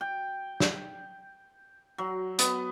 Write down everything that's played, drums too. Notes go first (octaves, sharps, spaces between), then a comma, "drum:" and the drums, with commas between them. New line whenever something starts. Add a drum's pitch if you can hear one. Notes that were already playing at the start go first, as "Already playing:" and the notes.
G5
drum: snare
F#3
B3, drum: hi-hat